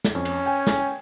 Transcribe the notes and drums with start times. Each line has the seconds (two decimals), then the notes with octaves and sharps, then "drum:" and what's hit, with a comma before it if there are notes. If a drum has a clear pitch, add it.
0.05 drum: snare
0.15 F2 C#4
0.25 drum: cymbal
0.46 G5 G#5
0.67 drum: snare